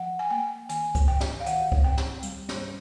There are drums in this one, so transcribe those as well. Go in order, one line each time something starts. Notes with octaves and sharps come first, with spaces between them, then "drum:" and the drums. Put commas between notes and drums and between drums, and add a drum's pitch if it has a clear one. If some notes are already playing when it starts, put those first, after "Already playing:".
Already playing: F3 F#5
G#5
A#3 G5
D#3 G#5, drum: hi-hat
drum: kick C#2, hi-hat
D#3 G5
drum: snare
F5
D#3 F#5, drum: hi-hat
drum: kick C#2
C4 G5
drum: snare
G3, drum: hi-hat
drum: snare
C#4